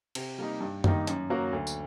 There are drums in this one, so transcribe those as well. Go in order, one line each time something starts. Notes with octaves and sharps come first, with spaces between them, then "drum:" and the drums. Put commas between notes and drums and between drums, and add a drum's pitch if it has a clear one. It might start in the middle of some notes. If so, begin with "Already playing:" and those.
C3, drum: cymbal
G3 A#3 D#4
G2
D#3 G3 A#3 D#4, drum: tom F#2
F#2, drum: hi-hat
F#3 A#3 F#4
D2
drum: tambourine